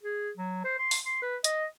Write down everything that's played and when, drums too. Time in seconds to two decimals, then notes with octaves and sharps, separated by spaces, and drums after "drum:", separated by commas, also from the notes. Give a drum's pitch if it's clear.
0.03 G#4
0.37 F#3
0.64 C5
0.79 C6
0.91 drum: open hi-hat
1.06 C6
1.22 B4
1.44 D#5, drum: hi-hat